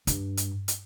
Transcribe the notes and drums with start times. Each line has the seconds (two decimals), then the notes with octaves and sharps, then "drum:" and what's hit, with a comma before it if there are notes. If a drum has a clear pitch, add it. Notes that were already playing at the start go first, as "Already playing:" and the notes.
0.07 G2, drum: hi-hat
0.37 drum: hi-hat
0.68 drum: hi-hat